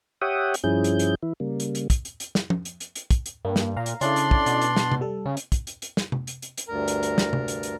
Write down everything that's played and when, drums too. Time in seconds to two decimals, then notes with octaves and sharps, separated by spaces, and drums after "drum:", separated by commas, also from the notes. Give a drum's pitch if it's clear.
0.22 G4 C#5 E5 F#5 G5 D#6
0.54 drum: hi-hat
0.64 G2 F3 C#4 E4 G#4 G6
0.84 drum: hi-hat
0.99 drum: hi-hat
1.23 E3 E4
1.40 C#3 G3 A#3
1.60 drum: hi-hat
1.75 drum: hi-hat
1.90 drum: kick, hi-hat
2.05 drum: hi-hat
2.20 drum: hi-hat
2.35 drum: snare
2.50 drum: tom F3
2.65 drum: hi-hat
2.80 drum: hi-hat
2.95 drum: hi-hat
3.11 drum: kick, hi-hat
3.26 drum: hi-hat
3.45 G2 A#3
3.56 drum: snare
3.77 A#2 F5 A#5
3.86 drum: hi-hat
4.01 C#3 C#4 D4 E4 A4 D5 C6, drum: hi-hat
4.16 drum: hi-hat
4.31 drum: kick
4.46 B2, drum: hi-hat
4.61 drum: hi-hat
4.76 drum: snare
4.92 drum: tom C3
5.01 G3 A4
5.26 C#3 C#4
5.37 drum: hi-hat
5.52 drum: kick, hi-hat
5.67 drum: hi-hat
5.82 drum: hi-hat
5.97 drum: snare
6.12 drum: tom C3
6.27 drum: hi-hat
6.42 drum: hi-hat
6.57 drum: hi-hat
6.68 D2 G2 A#4 A#5
6.88 drum: hi-hat
7.03 drum: hi-hat
7.18 drum: snare
7.33 drum: tom C3
7.48 drum: hi-hat
7.63 drum: hi-hat